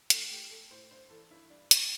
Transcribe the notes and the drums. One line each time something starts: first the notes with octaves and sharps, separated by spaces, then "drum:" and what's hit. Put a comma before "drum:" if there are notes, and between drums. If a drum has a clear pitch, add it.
A2 A4, drum: hi-hat
A3 G4
A3 A4
A2 C5
G2 C5
E3 A4
G2 E4
G3 D4
C2, drum: hi-hat